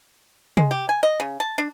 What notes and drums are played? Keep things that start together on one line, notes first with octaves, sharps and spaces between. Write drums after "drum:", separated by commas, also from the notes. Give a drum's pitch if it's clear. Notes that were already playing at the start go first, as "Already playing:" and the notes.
G#3, drum: tom
G4
G#5
D#5
C#3
A5
D4